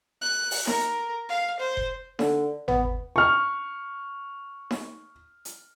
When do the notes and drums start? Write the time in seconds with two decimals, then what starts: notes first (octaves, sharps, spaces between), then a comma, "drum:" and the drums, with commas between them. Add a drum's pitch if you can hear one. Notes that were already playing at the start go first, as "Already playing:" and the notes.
0.22 F#6
0.51 drum: open hi-hat
0.67 A#4, drum: snare D#4
1.29 F5
1.60 C5
1.77 drum: kick F1
2.19 D3, drum: snare D#4
2.68 B3, drum: tom G#1
3.16 C#6 F6
4.71 drum: snare D#4
5.45 drum: hi-hat